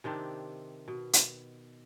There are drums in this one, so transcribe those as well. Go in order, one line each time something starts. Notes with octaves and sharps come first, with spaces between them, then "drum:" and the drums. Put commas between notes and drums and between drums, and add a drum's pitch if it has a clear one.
C3 D#3 C4 D4
B2
drum: hi-hat